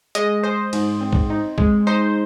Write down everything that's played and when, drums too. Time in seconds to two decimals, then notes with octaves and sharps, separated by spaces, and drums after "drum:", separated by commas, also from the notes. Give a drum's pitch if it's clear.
0.15 G#3 D#5, drum: hi-hat
0.43 G#3 C5
0.73 G#2, drum: cymbal
1.01 C4
1.13 drum: kick
1.30 D#4
1.58 G#3, drum: kick
1.87 D#4 C5